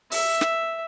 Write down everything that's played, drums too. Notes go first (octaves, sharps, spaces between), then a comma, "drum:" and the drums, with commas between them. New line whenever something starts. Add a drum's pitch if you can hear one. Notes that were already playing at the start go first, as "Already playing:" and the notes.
E5, drum: open hi-hat
drum: snare